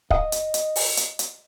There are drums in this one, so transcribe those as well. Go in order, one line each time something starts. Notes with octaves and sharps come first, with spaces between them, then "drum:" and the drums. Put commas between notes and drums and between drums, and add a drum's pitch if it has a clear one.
D#5, drum: kick
drum: hi-hat
drum: hi-hat
drum: open hi-hat
drum: hi-hat
drum: hi-hat